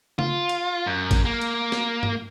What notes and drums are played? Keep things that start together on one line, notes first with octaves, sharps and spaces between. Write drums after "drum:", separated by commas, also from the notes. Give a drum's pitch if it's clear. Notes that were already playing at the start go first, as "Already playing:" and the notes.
F4, drum: tom C#3
drum: cymbal
F#2
drum: kick, cymbal
A#3
drum: cymbal
drum: snare
drum: tom